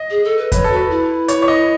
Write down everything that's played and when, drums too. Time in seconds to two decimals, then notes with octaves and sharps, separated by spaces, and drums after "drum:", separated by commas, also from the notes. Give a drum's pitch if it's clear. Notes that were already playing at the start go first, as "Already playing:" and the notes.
Already playing: D#5
0.10 G#4
0.24 A4
0.38 B4
0.52 B4 C#5, drum: kick E2, hi-hat
0.64 A4
0.71 F#4 B4
0.90 E4
1.28 C#5, drum: hi-hat
1.42 C#5
1.48 D#5